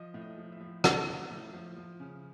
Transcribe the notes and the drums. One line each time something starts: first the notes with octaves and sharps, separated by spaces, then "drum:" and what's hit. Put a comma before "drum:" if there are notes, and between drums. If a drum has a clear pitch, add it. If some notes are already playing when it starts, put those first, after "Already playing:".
Already playing: F3 D#5
A2
D#5
F3
E5
F3
F3, drum: rim click
A2
A2
F3
F3
C#3